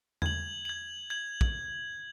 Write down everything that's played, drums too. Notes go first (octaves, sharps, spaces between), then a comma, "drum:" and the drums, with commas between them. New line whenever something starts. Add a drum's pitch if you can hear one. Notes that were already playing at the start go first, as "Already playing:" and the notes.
G#6 F#7, drum: tom E2
G#6 F#7
G#6 F#7
drum: kick